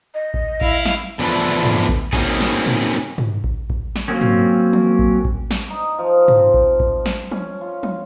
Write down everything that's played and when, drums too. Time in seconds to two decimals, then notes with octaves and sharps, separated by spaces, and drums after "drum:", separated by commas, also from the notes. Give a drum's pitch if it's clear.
0.15 D#5
0.34 drum: kick A1
0.61 E4 F5, drum: kick A1
0.86 drum: snare
1.19 E2 D3 F3 A3 D4 B4
1.63 drum: tom
1.89 drum: kick A1
2.13 A#3 C4 C#4 D#4 F#4 G#4, drum: kick A1
2.41 drum: snare
2.66 drum: tom
3.18 drum: tom
3.44 drum: kick A1
3.70 drum: kick A1
3.96 drum: snare
4.08 F#3 A#3 C4 C#4
4.21 drum: tom
4.73 drum: tom
4.99 drum: kick A1
5.25 drum: kick A1
5.51 drum: snare
5.70 D#4
5.99 F3
6.28 drum: tom
6.37 C4
6.54 drum: kick A1
6.80 drum: kick A1
7.06 drum: snare
7.32 C#4, drum: tom
7.61 F4
7.83 drum: tom